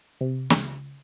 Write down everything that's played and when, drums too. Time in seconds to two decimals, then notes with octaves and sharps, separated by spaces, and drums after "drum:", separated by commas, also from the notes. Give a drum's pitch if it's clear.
0.21 C3
0.50 C#2, drum: snare